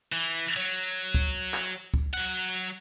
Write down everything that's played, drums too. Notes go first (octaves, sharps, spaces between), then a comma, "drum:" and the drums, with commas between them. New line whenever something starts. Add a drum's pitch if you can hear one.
E3
F#3
drum: kick C#2
drum: clap
drum: kick C#2
F#3 F#5